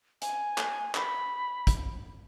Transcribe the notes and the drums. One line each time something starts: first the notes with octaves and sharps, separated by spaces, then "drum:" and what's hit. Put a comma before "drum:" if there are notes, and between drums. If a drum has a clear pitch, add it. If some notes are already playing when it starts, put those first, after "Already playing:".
G#5, drum: hi-hat
drum: clap
B5, drum: clap
drum: kick, hi-hat